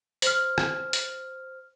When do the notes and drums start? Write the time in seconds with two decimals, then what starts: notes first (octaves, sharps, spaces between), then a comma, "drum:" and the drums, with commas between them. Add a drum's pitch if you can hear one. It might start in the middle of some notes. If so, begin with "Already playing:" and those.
0.22 C5 F6, drum: hi-hat
0.58 drum: rim click
0.93 drum: hi-hat